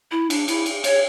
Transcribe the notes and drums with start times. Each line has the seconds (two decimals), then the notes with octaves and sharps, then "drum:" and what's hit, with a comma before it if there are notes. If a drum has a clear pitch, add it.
0.11 E4
0.30 D4, drum: cymbal
0.48 E4, drum: cymbal
0.66 drum: cymbal
0.84 C#5, drum: cymbal